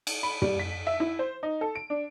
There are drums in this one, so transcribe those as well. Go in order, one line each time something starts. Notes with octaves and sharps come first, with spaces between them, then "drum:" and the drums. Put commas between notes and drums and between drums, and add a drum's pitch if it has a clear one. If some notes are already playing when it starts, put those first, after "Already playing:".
drum: cymbal
B5
G3, drum: tom
B6
E5
E4
C5
D#4
A4
D7
D4